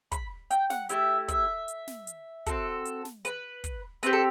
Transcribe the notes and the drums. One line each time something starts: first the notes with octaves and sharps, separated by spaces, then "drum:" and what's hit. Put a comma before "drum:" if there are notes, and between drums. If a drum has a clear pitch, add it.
B5, drum: kick, hi-hat
G5, drum: hi-hat
F#5, drum: snare
A3 E4 G4 E5, drum: hi-hat
E5, drum: kick, hi-hat
drum: hi-hat
drum: snare
drum: hi-hat
C4 F#4 A4, drum: kick, hi-hat
drum: hi-hat
drum: snare
B4, drum: hi-hat
drum: kick, hi-hat
C4 G4 B4, drum: hi-hat
A4